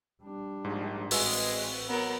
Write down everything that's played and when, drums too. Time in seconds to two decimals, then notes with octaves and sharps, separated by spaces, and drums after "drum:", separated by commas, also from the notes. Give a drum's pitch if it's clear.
0.23 G3 D4
0.65 A#1 G#2
1.11 A1 G#3 C4 F#4 B4 E6, drum: open hi-hat
1.89 F#3 B3 A#4